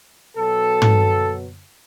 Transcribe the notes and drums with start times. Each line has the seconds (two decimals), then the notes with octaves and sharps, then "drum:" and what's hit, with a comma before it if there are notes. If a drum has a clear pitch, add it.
0.36 B2 F#3 A4
0.82 drum: tom